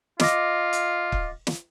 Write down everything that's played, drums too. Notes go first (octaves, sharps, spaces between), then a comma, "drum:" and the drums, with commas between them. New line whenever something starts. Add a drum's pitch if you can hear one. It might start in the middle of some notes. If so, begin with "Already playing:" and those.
F4 D#5 D6 A#6, drum: snare
drum: hi-hat
drum: kick
drum: snare